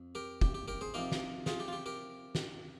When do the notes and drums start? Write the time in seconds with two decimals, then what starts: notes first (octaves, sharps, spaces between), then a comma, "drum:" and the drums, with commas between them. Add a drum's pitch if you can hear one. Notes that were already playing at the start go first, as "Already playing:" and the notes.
Already playing: F2
0.15 G4 A#4
0.41 G4, drum: kick
0.55 G4
0.68 G4 A#4
0.81 G#4 C5
0.94 C3 F3 A#3 D#4 G4 A#4
1.12 drum: snare
1.46 F4 G#4, drum: snare
1.60 G4
1.68 F4
1.73 G4
1.86 G4 A#4
2.35 drum: snare